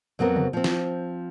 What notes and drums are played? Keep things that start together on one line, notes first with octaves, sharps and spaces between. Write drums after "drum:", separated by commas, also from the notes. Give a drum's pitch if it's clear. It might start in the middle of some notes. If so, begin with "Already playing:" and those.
F2 F#3 B3 C4 A#4
drum: tom C3
F3 C4
drum: snare